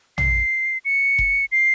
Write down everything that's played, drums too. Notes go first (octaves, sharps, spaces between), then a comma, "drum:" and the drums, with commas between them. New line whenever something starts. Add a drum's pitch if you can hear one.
C7, drum: tom
C#7
drum: kick F1
C7